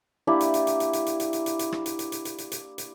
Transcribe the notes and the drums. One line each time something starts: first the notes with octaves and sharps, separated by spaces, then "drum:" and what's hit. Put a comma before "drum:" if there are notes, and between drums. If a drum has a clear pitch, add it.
A#3 D4 E4 G4
drum: hi-hat
drum: hi-hat
drum: hi-hat
drum: hi-hat
drum: hi-hat
drum: hi-hat
drum: hi-hat
drum: hi-hat
drum: hi-hat
drum: hi-hat
drum: rim click
drum: hi-hat
drum: hi-hat
drum: hi-hat
drum: hi-hat
drum: hi-hat
drum: hi-hat
drum: hi-hat